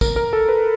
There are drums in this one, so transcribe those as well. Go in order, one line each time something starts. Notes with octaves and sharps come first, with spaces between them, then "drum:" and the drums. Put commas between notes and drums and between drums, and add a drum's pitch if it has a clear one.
A#4, drum: kick, tambourine
A#4
A4
B4